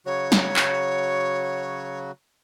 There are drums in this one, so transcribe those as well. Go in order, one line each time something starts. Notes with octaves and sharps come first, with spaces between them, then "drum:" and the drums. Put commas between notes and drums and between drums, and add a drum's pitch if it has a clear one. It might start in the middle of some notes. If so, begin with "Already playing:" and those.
C#3 F#3 F#4 C#5
drum: snare
drum: clap